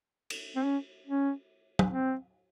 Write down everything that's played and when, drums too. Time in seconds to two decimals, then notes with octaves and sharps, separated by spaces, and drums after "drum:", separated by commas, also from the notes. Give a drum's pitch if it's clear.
0.30 drum: cymbal
0.56 C4
0.64 C#4
1.07 C#4
1.79 drum: tom
1.89 C4